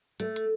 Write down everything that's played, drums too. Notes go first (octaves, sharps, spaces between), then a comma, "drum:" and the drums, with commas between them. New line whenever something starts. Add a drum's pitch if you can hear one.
A3, drum: hi-hat
drum: hi-hat